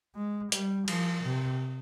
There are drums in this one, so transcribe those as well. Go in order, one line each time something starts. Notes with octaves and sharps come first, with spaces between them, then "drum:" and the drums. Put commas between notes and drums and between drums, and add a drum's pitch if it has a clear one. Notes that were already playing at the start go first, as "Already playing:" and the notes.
G#3
G3, drum: hi-hat
F3, drum: cymbal
C3